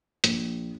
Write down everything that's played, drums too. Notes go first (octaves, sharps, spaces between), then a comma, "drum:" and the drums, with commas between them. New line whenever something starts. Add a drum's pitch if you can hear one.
A#1, drum: hi-hat